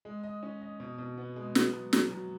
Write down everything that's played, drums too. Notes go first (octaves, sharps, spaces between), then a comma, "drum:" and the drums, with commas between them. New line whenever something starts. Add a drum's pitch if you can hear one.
G#3
D#5
C#4
D#5
B2
B2
B3
G#3
B3, drum: snare
F#3
F#3, drum: snare
F#3